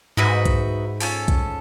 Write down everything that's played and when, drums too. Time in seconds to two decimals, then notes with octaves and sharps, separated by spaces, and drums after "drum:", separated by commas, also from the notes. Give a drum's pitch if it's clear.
0.17 G#2 D#4 F#4 B4 E5
0.45 drum: kick B1, hi-hat
1.00 C#4 F4 A4, drum: open hi-hat
1.28 drum: kick B1, hi-hat